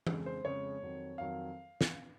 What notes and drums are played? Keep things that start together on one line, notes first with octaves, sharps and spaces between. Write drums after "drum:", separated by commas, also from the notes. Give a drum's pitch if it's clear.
F2 C#3 G#3, drum: tom E3
C5
F2 C#3 G#3 C#5
F2 D#3 F#3
F2 D#3 F#3 F5
drum: snare